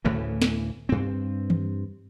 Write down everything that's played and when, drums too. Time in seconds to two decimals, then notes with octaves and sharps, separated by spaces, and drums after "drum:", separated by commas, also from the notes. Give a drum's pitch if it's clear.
0.05 D2 A2 C#3 E3
0.42 drum: snare
0.89 G2 C4
1.50 drum: tom D#3